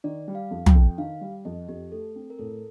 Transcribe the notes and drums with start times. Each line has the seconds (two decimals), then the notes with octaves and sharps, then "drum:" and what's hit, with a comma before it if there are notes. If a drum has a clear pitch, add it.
0.04 D#3 D5
0.28 G3
0.35 F5
0.51 F2
0.66 G5, drum: tom
0.74 F2
0.98 D#3 F5
1.21 G3
1.45 F2 D#5
1.68 F2 G4
1.92 A3 A4
2.16 C4
2.30 A#4
2.39 A2 A4